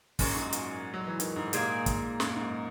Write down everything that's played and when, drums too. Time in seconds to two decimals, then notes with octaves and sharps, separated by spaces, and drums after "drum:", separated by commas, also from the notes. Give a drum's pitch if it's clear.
0.19 F#2 A#2 G#3 D#4 F#4, drum: kick, open hi-hat
0.36 G#2
0.53 drum: hi-hat
0.94 F#3
1.07 E3
1.20 D#3, drum: hi-hat
1.36 G#2
1.53 A#2 A#3 D#4 G#4, drum: hi-hat
1.86 drum: kick, hi-hat
2.20 F#2, drum: snare
2.36 G#2